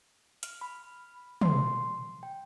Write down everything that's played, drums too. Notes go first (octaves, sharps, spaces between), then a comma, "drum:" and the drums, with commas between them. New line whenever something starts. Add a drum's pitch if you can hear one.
F6, drum: hi-hat
B5
C6, drum: tom
G5